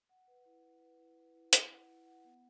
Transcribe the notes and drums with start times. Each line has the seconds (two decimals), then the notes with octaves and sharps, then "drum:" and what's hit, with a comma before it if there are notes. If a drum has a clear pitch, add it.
0.09 F#5
0.28 B4
0.46 E4
0.63 E4
0.81 B4
0.99 E4
1.17 B4
1.34 E4
1.53 E4, drum: hi-hat
1.70 F#5
1.88 E4
2.06 F#5
2.25 B3